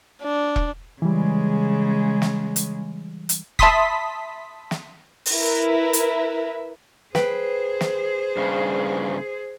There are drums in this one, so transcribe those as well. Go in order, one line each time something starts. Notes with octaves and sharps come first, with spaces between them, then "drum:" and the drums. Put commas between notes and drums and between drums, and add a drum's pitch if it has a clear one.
D4
drum: kick E1
C#3 E3 G3 G#3
drum: snare
drum: hi-hat
drum: hi-hat
E5 A5 B5 C6 D#6 B6, drum: kick E1
drum: snare
drum: open hi-hat
E4 A#4 B4 E5
drum: hi-hat
G#4 B4 C5 G5, drum: snare
drum: snare
G2 C#3